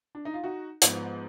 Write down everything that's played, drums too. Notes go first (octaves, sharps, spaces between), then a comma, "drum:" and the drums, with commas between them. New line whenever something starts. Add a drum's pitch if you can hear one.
D4
D#4
F4
D#4 F#4
G#2 F3 B3, drum: hi-hat